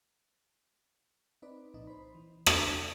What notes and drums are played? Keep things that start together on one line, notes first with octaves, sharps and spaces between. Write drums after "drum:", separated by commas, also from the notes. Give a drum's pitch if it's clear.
C4 D#4 B4 D5
C2 A#2 F3 D#4
C5 B5
E3
drum: rim click
C3